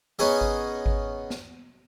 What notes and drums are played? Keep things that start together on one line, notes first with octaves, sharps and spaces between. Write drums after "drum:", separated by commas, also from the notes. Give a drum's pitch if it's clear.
B3 C#4 D#4 G#4 D#5
drum: kick G#1
drum: kick G#1
drum: snare